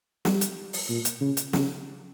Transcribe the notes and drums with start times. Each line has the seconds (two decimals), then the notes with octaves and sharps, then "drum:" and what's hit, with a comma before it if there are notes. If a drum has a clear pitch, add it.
0.25 G3, drum: snare
0.41 drum: hi-hat
0.73 drum: open hi-hat
0.89 A#2
1.05 drum: hi-hat
1.21 C#3
1.37 drum: hi-hat
1.53 C#3, drum: snare